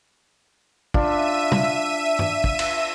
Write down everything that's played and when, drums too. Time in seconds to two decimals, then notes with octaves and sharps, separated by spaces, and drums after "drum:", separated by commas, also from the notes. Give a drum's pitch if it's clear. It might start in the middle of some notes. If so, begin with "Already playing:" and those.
0.94 D4 F4 E5 D#7, drum: kick
1.52 drum: tom
2.19 drum: tom
2.44 drum: kick
2.59 drum: cymbal